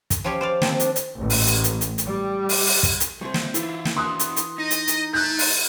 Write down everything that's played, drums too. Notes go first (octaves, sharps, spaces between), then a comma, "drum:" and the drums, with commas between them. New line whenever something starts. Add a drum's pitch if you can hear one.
drum: kick, hi-hat
F3 C#4 F4 G4 C#5
C5 D5 F5
D#3 F3 C4, drum: snare
D4, drum: hi-hat
drum: hi-hat
A1
drum: open hi-hat
drum: hi-hat
drum: hi-hat
drum: hi-hat
drum: hi-hat
G3
drum: open hi-hat
drum: open hi-hat
drum: kick, hi-hat
drum: hi-hat
G3 C4 C5 C#5
drum: snare
E3 E4 F4, drum: hi-hat
drum: snare
E4 F#4 C6 D#6 F#6
drum: hi-hat
drum: hi-hat
D#4 D#5
drum: hi-hat
drum: hi-hat
A3 F#6 G6
drum: open hi-hat